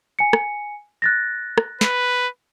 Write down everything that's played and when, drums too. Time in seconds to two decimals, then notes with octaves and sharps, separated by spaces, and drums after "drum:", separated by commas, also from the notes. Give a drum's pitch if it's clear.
0.19 G#5 C#7
0.33 drum: rim click
1.02 F#6 A6 A#6
1.58 drum: rim click
1.81 B4, drum: snare